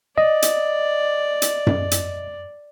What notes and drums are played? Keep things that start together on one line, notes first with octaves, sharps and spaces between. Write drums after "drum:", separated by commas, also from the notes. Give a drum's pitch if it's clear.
D5 D#5
drum: hi-hat
drum: hi-hat
drum: tom F#2
drum: hi-hat